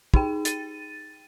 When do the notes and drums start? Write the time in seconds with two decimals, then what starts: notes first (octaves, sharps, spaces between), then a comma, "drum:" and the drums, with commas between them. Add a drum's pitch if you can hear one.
0.14 D#4 G#4 G5, drum: kick
0.45 A6 D#7, drum: hi-hat